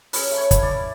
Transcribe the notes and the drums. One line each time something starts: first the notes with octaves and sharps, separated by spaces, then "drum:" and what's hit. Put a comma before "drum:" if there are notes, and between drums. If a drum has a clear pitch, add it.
C#4 B4, drum: open hi-hat
A3
C#5
E4, drum: kick, hi-hat
D5
E4